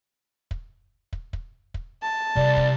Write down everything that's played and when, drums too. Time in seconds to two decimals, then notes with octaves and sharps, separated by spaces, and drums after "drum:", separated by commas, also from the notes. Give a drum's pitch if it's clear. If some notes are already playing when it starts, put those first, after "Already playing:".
0.51 drum: kick
1.13 drum: kick
1.33 drum: kick
1.74 drum: kick
2.02 A5
2.36 C2 D5, drum: kick
2.57 drum: kick